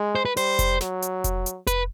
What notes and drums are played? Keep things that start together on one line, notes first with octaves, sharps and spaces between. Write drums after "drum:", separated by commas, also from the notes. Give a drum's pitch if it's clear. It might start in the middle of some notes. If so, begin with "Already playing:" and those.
Already playing: G#3
C5
B4
G3 C5, drum: open hi-hat
drum: kick F1, hi-hat
F#3, drum: snare
drum: hi-hat
drum: kick F1, hi-hat
drum: hi-hat
B4, drum: kick F1, hi-hat